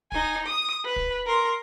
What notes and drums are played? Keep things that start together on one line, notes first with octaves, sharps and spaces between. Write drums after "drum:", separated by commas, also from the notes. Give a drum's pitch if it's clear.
D#4 G#5, drum: kick
D#6
B4
drum: kick
A#4 C6